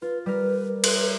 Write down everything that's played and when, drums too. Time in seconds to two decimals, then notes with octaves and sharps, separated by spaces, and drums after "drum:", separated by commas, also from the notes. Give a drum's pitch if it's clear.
0.02 F4 B4
0.26 G3 A#4 B4
0.84 B4, drum: cymbal